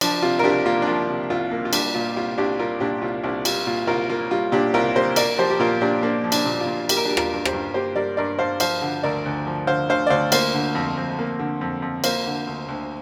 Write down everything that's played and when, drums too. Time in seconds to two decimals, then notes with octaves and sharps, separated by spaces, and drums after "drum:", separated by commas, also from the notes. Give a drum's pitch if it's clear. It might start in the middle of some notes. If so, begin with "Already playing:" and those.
0.01 F3 D4, drum: cymbal
0.23 C3 F4
0.39 A#4
0.44 C2 D4 G4
0.66 A#3 F4
0.82 D4
0.87 F3 F4
1.08 C3
1.30 C2 F4
1.51 A#3
1.65 F4
1.73 G3 D4 G4, drum: cymbal
1.95 A#2 F4
2.16 C2 F4
2.38 C2 D4 G4
2.59 G3 F4 A#4
2.80 A#2 D4 G4
3.02 C2 F4
3.23 C2 D4
3.45 G3 F4, drum: cymbal
3.67 A#2 F4
3.87 C2 F4 A#4
4.10 A#3 F4
4.31 G3 F4
4.52 A#2 D4 G4
4.74 C2 F4 A#4
4.95 A#3 G4 C5
5.16 A#3 A#4 D5, drum: cymbal
5.38 F3 G4 C5
5.50 G4
5.59 A#2 F4 A#4
5.81 A#2 D4 G4
6.03 A#3 D4
6.24 F3
6.32 D4, drum: cymbal
6.46 A#2
6.61 F4
6.67 A#2
6.89 A#3 G4, drum: cymbal
6.97 A#4
7.05 D4 G4
7.11 G3
7.17 F4 A#4, drum: rim click
7.32 G2
7.45 G4 C5, drum: rim click
7.53 G2
7.74 A#3 G4 C5
7.96 G3 A#4 D5
8.17 G2 A#4 D5
8.39 G2 C5 F5
8.60 F3 C5 F5, drum: cymbal
8.82 D3
9.03 D2 A#4 D5
9.26 D2
9.46 F3
9.67 D3 C5 F5
9.89 D2 C5 F5
10.07 D5
10.10 D2 C5 F5
10.32 A#3 C5 F5, drum: cymbal
10.54 D3
10.75 F2
10.97 F2
11.19 A#3
11.39 D3
11.61 F2
11.82 F2
12.04 A#3 C5 F5, drum: cymbal
12.26 D3
12.47 D2
12.68 D2